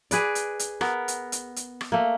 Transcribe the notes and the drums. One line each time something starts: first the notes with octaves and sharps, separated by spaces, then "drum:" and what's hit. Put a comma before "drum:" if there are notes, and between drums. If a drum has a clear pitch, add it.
G#4 B4 D5, drum: hi-hat
drum: hi-hat
drum: hi-hat
B3 A#4, drum: rim click
drum: hi-hat
drum: hi-hat
drum: hi-hat
drum: rim click
A3 A#3